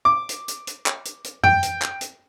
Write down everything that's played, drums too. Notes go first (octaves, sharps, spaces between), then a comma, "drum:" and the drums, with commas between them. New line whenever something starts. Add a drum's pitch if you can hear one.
D6
drum: hi-hat
drum: hi-hat
drum: hi-hat
drum: clap
drum: hi-hat
drum: hi-hat
G5, drum: tom F2
drum: hi-hat
drum: clap
drum: hi-hat